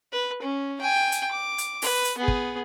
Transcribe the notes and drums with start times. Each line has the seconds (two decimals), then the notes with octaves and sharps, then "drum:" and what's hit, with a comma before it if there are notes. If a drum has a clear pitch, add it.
0.13 B4
0.42 C#4
0.81 G5 G#5
1.12 drum: hi-hat
1.31 D6
1.58 drum: hi-hat
1.82 B4, drum: open hi-hat
2.05 drum: hi-hat
2.18 B3 G#4
2.28 drum: kick